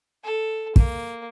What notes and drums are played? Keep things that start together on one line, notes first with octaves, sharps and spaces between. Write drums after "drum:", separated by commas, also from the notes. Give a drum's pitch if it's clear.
A4
A#3, drum: kick